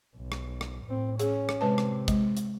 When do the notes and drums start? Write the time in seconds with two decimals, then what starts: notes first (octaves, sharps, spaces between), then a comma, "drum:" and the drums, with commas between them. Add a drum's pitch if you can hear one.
0.17 B1
0.32 drum: rim click
0.61 drum: rim click
0.86 A2 C4
1.19 C#4 G#4, drum: hi-hat
1.49 drum: rim click
1.61 C3 G#3 B4 A5
1.78 drum: rim click
2.08 G#3, drum: kick, hi-hat
2.37 drum: hi-hat